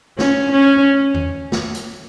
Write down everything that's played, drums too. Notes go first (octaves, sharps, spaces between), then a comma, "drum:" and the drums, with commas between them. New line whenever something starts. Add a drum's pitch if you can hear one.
C#4, drum: snare
C#4
drum: tom E2
drum: snare
drum: hi-hat